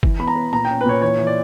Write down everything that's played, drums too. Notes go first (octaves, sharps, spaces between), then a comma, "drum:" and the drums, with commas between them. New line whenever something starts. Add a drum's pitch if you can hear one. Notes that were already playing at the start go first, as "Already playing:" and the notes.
E3, drum: kick
B3 B5
A#5
B3
A#2 A#5
G5
C#4
B4
A#2 C#5
E3 C#5
E3
D5